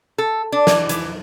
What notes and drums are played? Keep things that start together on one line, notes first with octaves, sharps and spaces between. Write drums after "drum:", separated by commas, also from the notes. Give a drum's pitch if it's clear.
A4
D4
E3, drum: snare
E3, drum: hi-hat